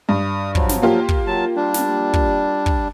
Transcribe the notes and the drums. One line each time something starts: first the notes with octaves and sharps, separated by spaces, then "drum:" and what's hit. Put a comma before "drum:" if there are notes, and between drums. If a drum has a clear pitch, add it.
G2 D#6
F3 F#3, drum: kick
drum: snare
A#3 F4 G4
drum: kick
F#3 A5
G3 D4
drum: snare
drum: kick
drum: kick